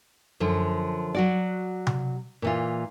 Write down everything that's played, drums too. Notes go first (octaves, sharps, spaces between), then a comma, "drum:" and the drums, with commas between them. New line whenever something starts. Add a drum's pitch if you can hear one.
F#2 D3 F3
F#3 F#4 D5
drum: tom C3
A#2 E3 F4